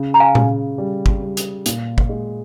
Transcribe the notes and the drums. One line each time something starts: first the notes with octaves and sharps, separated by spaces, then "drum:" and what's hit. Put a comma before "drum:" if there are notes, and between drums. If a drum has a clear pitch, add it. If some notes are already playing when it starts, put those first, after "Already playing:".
Already playing: C#3
A#5
F5 G#5
C#3, drum: tom A#2
G3
drum: kick
G3
drum: hi-hat
A#2, drum: hi-hat
drum: kick
G#3